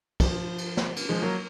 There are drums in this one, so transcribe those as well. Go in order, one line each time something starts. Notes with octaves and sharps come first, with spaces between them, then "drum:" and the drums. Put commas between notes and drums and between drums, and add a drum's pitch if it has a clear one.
F3, drum: kick, cymbal
drum: cymbal
drum: snare
drum: cymbal
F3 G#3
F#3 A#3